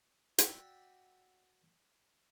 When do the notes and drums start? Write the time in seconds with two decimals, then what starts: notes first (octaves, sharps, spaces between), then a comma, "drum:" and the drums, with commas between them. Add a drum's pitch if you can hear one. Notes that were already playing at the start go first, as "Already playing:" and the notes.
0.38 F#4 D5 E5 G5, drum: hi-hat